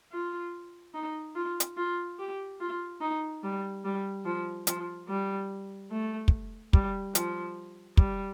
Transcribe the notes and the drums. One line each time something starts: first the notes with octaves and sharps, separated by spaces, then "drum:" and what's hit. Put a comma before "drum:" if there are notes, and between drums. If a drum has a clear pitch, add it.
F4
D#4
F4
drum: hi-hat
F4
G4
F4
D#4
G3
G3
F3
F3, drum: hi-hat
G3
A3
drum: kick
G3, drum: kick
F3, drum: hi-hat
G3, drum: kick